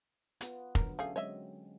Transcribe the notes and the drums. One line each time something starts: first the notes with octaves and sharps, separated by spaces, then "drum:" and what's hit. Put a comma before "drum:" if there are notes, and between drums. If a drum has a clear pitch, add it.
B3 F4, drum: hi-hat
D3 F#3 B3 A#4, drum: kick F1
A3 C#4 G#4 F5
F#3 G#3 C4 C#5 D#5 E5